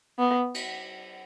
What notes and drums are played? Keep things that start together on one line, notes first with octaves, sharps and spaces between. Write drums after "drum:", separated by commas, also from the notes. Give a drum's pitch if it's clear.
B3
drum: cymbal